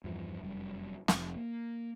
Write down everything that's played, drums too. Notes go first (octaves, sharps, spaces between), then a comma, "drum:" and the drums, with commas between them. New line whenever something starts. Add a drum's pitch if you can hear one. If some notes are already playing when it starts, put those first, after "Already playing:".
E2 G2 F3
F1 F#2 C3 G3
F1 F2, drum: snare
A#3